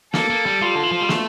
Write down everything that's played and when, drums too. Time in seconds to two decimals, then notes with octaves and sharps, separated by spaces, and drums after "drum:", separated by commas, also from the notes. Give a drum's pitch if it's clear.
0.14 A#3 A4, drum: snare
0.30 A#3
0.46 G3
0.62 G3 F4
0.75 D3
0.83 E3
0.92 F3
1.01 G3
1.09 A3, drum: snare